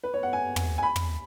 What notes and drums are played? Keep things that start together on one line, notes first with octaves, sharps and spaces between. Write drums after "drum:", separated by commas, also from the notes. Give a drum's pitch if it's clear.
B4
C#5
F#5
G#5
drum: tom
G#5
B5
drum: tom